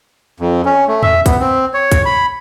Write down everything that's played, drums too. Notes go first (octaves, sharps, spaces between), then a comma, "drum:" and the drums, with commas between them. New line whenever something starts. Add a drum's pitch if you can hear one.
F2
C#4
A3
E5, drum: tom E2
B3, drum: kick, hi-hat
C4
C#5
drum: kick, hi-hat
B5